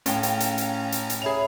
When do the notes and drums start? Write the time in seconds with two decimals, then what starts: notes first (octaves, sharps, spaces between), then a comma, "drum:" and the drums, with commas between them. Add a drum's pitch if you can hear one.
0.06 A2 C#4 F5 G5 A#5, drum: hi-hat
0.23 drum: hi-hat
0.40 drum: hi-hat
0.58 drum: hi-hat
0.92 drum: hi-hat
1.10 drum: hi-hat
1.22 G#4 C#5 E5 B5 F7